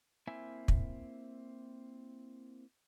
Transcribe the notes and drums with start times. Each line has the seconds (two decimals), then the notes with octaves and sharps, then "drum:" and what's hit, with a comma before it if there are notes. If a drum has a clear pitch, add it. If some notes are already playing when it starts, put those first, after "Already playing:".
0.27 A#3 C4 E4 E5 G#5
0.68 drum: kick